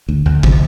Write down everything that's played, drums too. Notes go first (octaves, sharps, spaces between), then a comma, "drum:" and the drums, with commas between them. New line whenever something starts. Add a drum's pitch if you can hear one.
D2
D2
C3 F3, drum: kick